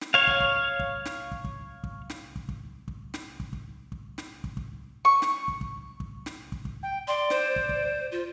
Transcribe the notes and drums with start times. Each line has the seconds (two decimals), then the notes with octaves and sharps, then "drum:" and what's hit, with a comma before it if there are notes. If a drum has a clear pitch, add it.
0.01 drum: snare
0.14 C#5 F5
0.27 drum: kick
0.40 drum: kick
0.79 drum: kick
1.05 drum: snare
1.31 drum: kick
1.44 drum: kick
1.84 drum: kick
2.10 drum: snare
2.36 drum: kick
2.49 drum: kick
2.88 drum: kick
3.14 drum: snare
3.40 drum: kick
3.53 drum: kick
3.92 drum: kick
4.18 drum: snare
4.44 drum: kick
4.57 drum: kick
5.05 C#6
5.22 drum: snare
5.48 drum: kick
5.61 drum: kick
6.00 drum: kick
6.26 drum: snare
6.52 drum: kick
6.65 drum: kick
6.83 G5
7.08 D5 C6
7.30 C5, drum: snare
7.56 drum: kick
7.69 drum: kick
8.12 F4